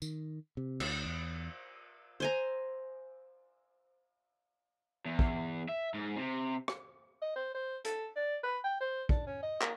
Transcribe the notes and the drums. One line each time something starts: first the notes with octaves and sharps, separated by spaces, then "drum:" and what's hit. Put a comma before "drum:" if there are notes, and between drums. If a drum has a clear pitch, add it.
D#3, drum: tambourine
C3
D2, drum: cymbal
E2
C5 G#5 A#5
E2
drum: kick
E5
G#2
C3
drum: rim click
D#5
C5
C5
A4, drum: hi-hat
D5
B4
G5
C5
D4, drum: kick
C#4
D#5
A#3, drum: clap